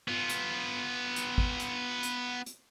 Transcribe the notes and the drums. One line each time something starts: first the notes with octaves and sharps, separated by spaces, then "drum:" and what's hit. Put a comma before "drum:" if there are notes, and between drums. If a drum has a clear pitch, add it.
B3 F4
drum: hi-hat
drum: hi-hat
drum: kick G#1
drum: hi-hat
drum: hi-hat
drum: hi-hat